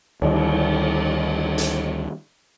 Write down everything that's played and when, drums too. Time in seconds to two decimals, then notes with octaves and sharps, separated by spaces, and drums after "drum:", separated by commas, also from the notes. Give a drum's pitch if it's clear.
0.22 D2 D#3 F#3 G3, drum: cymbal
1.58 drum: hi-hat